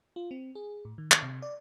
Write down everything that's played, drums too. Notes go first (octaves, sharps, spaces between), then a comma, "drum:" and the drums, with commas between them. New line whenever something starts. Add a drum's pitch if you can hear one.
F4
C4
G#4
A2
D#3
drum: clap
C3
D5